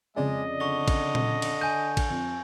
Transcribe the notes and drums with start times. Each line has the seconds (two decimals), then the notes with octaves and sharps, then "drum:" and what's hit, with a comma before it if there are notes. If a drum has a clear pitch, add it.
0.16 F2 C#3 G#3 D5 D#5
0.60 D3 C#6 A#6 G7
0.88 drum: kick A1, cymbal
1.15 drum: tom A#2
1.42 drum: cymbal
1.61 G#5 G6 D#7
1.97 drum: kick A1, cymbal
2.10 F2